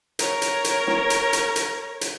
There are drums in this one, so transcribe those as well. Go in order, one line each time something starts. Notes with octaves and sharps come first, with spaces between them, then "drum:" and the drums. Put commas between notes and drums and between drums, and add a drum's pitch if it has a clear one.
A#4 C#5, drum: hi-hat
drum: hi-hat
drum: hi-hat
drum: snare
drum: hi-hat
drum: hi-hat
drum: hi-hat
drum: hi-hat